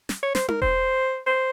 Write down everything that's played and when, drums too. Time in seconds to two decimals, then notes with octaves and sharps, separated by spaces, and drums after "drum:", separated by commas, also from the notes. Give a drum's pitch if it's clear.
0.09 drum: snare
0.23 C#5
0.35 C5, drum: snare
0.48 A#4, drum: tom D#4
0.62 C5, drum: kick E1
1.26 C5